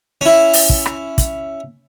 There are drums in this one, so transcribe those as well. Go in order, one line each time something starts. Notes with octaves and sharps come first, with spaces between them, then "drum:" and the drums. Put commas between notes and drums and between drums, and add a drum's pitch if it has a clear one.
C#4 E4
drum: open hi-hat
drum: kick
drum: rim click
drum: kick, hi-hat